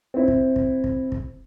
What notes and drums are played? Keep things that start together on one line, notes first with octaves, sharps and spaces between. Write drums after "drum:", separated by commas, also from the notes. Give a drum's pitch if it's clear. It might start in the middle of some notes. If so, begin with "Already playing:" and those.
C4 E4
drum: kick
drum: kick
drum: kick
drum: kick